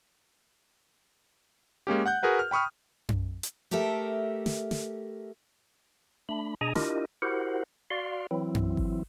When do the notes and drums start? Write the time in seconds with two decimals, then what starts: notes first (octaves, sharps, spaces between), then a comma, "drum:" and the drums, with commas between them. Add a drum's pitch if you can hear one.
1.87 G#3 A#3 C#4 G4
2.06 F#5 F#6 G6
2.23 F#4 G#4 A#4 B4 F#5
2.39 F6
2.51 G5 B5 C#6 D#6 F6
3.09 drum: tom F#2
3.43 drum: hi-hat
3.71 A3 G4 A4 A#4 E5
4.46 drum: snare
4.71 drum: snare
6.29 A3 D4 B5
6.61 B2 D4 G#4 D#5 G#5 A#5
6.75 D4 E4 F4 G4 A#4 D#5, drum: snare
7.22 E4 F#4 G4 A#4 C5 F#5
7.90 F#4 D5 F5 C6
8.31 E3 F#3 C4 E4
8.55 drum: tom F#2
8.77 drum: kick G#1